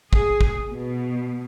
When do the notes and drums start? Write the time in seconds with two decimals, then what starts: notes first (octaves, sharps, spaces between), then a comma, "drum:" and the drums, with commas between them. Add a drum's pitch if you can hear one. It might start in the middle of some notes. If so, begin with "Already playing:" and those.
0.13 G#4, drum: kick
0.41 drum: kick
0.72 B2